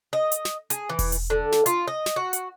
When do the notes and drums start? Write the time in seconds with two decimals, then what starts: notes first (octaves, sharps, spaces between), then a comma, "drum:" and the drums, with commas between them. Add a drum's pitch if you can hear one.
0.13 D#5
0.32 drum: hi-hat
0.45 drum: snare
0.70 G#4, drum: hi-hat
0.89 E3
0.99 drum: kick E1, open hi-hat
1.12 drum: hi-hat
1.30 D3
1.52 drum: snare
1.66 F4, drum: hi-hat
1.88 D#5
2.06 drum: snare
2.16 F#4
2.33 drum: hi-hat